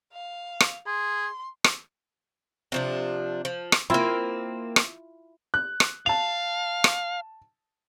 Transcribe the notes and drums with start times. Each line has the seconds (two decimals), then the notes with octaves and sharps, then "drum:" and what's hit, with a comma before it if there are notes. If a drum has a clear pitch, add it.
0.13 F5
0.60 drum: rim click
0.87 G#4 C6
1.64 drum: rim click
2.72 C3 F3 D4
3.45 F3
3.72 drum: rim click
3.90 A#3 C4 E4 F4
4.76 drum: rim click
5.54 F#6
5.80 drum: rim click
6.06 F5 A5 F7
6.84 drum: rim click